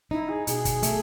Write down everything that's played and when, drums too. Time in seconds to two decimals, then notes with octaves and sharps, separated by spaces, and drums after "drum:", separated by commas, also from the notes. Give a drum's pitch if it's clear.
0.11 D#4 E4
0.29 G#4
0.47 B2 G#4, drum: hi-hat
0.65 drum: kick, hi-hat
0.83 A3, drum: hi-hat